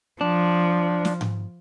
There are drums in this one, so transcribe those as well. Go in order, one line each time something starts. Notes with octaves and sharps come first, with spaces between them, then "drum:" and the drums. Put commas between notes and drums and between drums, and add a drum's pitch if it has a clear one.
F3 D4
drum: snare
drum: tom G#2